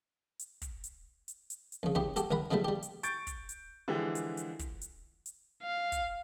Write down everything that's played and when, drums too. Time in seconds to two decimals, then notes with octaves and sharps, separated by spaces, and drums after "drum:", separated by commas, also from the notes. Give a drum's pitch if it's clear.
0.39 drum: hi-hat
0.62 drum: kick, hi-hat
0.84 drum: hi-hat
1.28 drum: hi-hat
1.50 drum: hi-hat
1.72 drum: hi-hat
1.83 F2 C#3
1.95 C#3 E4 G4, drum: kick
2.16 F#4 G4 A4, drum: hi-hat
2.31 C2 A#4 F#5 B5
2.51 C#3 F#3 G3 A3 E4
2.65 G3 G4
2.83 drum: hi-hat
3.03 C#6 G6 A6 D7, drum: hi-hat
3.27 drum: kick, hi-hat
3.49 drum: hi-hat
3.88 D3 E3 F3 G#3 G4
4.15 drum: hi-hat
4.37 drum: hi-hat
4.59 drum: kick, hi-hat
4.81 drum: hi-hat
5.26 drum: hi-hat
5.63 F5
5.92 drum: kick, hi-hat